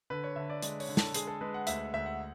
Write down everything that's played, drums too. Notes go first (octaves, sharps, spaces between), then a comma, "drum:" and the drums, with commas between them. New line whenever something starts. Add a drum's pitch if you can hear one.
D3 B4
C#5
D3 E5
D5
G#3 D5, drum: hi-hat
C#5, drum: open hi-hat
D3
A4, drum: snare
G#3 G#4, drum: hi-hat
A4
G#3 B4
F#5
D2 E5, drum: hi-hat
D2 E5
F#5